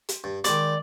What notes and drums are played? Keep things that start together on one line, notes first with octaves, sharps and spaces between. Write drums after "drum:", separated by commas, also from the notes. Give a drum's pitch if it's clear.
drum: hi-hat
G2
D#3 G#3 D5, drum: hi-hat